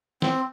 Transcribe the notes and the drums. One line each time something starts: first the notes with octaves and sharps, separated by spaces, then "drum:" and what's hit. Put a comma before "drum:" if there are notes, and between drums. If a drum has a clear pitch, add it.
C4, drum: snare